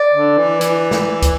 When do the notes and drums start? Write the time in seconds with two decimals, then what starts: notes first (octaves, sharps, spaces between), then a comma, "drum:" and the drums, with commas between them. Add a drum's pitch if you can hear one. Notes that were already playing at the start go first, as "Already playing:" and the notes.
Already playing: D5
0.14 D3
0.38 E3
0.61 E3, drum: hi-hat
0.91 drum: snare
1.22 drum: kick, hi-hat